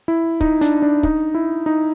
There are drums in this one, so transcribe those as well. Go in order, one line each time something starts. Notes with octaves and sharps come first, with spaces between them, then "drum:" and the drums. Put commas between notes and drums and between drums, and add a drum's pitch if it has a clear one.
E4
D#4, drum: kick
D4, drum: hi-hat
D4
D#4, drum: kick
E4
D#4